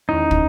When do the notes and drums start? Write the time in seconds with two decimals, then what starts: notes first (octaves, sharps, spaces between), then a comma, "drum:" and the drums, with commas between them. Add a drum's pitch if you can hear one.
0.09 E2 D#3 G#3 C#4 D#4 E4
0.31 drum: kick